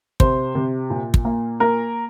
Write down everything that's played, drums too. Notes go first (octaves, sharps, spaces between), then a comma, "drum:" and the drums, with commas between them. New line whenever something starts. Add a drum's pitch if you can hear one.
C3 C5, drum: kick
C3
A#2
drum: kick
A#3
A#3 A#4